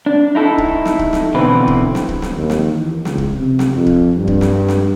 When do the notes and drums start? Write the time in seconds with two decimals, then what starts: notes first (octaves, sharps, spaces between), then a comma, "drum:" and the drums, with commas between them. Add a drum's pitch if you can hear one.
0.06 D4
0.35 D#4 E4 A4
0.58 drum: kick D1
0.85 drum: snare
0.99 drum: kick D1
1.13 drum: snare
1.34 B2 D3 E3 C4 B4
1.67 drum: kick D1
1.95 drum: snare
2.09 drum: kick D1
2.22 drum: snare
2.36 D#2
2.50 drum: snare
2.73 E3
3.05 C#2, drum: snare
3.18 drum: kick D1
3.36 C3
3.59 drum: snare
3.76 F2
3.86 drum: kick D1
4.17 G2
4.27 drum: kick D1
4.41 drum: snare
4.68 drum: snare